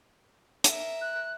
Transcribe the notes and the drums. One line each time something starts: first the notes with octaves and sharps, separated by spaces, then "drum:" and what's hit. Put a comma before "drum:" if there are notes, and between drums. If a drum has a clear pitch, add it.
A#4 E5, drum: hi-hat
F#6